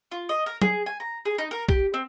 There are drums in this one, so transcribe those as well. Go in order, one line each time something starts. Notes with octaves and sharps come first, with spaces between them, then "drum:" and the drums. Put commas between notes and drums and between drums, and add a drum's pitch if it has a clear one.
F4
D#5
A#4
G#4, drum: tom F#3
G#5
A#5
G#4
D#4
A#4
G4, drum: kick
C4